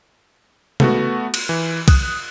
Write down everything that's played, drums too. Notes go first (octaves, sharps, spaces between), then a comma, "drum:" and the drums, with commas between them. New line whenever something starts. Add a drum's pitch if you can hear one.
A3 B3 F#4, drum: tom C3
drum: cymbal
E3
D#6 F#6, drum: kick, cymbal